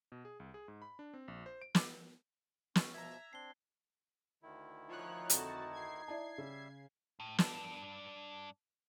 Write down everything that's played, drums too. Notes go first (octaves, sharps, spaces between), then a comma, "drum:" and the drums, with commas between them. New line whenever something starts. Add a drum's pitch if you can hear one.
B2
G#4
C2
G#4
G#2
B5
D4
C4
A#1
C5
D7
D6, drum: snare
C#4, drum: snare
B2 F3 E5 A#5 G#6
C4 D4 C7 G7
D2 D#3 E4
F3 D#4 C#5 F#6
F2 D3 F#4 A5, drum: hi-hat
G#6 C7
E4 D5 A5
C#3 G3 E5
A2
G2 D4, drum: snare